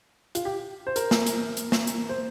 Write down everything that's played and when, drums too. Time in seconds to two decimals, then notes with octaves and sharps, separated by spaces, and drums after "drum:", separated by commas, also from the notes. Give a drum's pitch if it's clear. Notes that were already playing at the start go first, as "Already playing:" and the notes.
0.35 F4, drum: hi-hat
0.45 G4
0.87 C5
0.96 A#4, drum: hi-hat
1.11 drum: snare
1.26 drum: hi-hat
1.57 drum: hi-hat
1.72 drum: snare
1.87 drum: hi-hat
2.09 C5